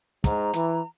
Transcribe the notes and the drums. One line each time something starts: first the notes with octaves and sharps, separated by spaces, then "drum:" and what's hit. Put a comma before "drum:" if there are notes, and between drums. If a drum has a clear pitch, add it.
G#2 A#5, drum: kick, hi-hat
E3, drum: hi-hat